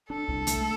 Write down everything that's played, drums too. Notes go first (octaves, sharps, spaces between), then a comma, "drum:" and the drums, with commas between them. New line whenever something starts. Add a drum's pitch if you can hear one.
D4 A4
C2
A3, drum: hi-hat